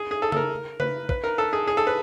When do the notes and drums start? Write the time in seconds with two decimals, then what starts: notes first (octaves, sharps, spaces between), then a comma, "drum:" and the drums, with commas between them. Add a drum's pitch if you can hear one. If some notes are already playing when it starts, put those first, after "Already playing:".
Already playing: G#4
0.11 G#4
0.22 A4
0.32 A4, drum: tom C#3
0.36 A#4
0.80 B4, drum: tom C#3
1.09 B4, drum: kick
1.24 A#4
1.38 A4
1.53 G#4
1.67 G#4
1.77 A4
1.87 B4